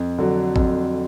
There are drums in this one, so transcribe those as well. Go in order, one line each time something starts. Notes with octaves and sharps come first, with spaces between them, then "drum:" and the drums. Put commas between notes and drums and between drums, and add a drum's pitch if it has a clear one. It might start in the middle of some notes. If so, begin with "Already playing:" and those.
Already playing: F2
D3 F#3
F2, drum: kick A1